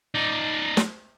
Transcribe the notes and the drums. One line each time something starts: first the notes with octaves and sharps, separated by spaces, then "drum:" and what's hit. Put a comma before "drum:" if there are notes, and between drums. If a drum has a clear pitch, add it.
D#4 D5
drum: snare